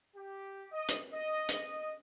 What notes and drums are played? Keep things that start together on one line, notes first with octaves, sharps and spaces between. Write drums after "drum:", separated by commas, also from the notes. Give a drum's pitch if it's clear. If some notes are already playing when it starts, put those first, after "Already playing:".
G4
D#5
drum: hi-hat
D#5
D#5, drum: hi-hat